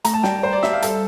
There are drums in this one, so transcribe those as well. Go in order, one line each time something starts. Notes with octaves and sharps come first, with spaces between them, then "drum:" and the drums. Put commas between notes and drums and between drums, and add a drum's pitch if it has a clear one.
A3 A#5, drum: hi-hat
A5
G3 G5, drum: snare
C5
D5
E5, drum: snare
F5
A4, drum: hi-hat